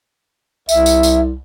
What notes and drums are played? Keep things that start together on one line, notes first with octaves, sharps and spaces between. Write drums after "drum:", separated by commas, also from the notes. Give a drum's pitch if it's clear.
C2 E5, drum: tambourine
drum: tambourine
drum: tambourine